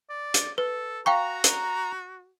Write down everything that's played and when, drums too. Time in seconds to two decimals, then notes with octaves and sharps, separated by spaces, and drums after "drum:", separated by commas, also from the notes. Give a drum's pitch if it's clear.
0.09 D5
0.34 drum: hi-hat
0.58 A4 B4
1.06 F#4 F5 G5 A#5 C#6
1.44 drum: hi-hat